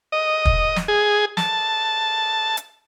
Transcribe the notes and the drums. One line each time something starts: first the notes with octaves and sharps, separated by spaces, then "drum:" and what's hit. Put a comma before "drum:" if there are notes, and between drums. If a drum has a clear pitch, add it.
D#5
drum: kick
drum: snare
G#4
A5, drum: snare
drum: hi-hat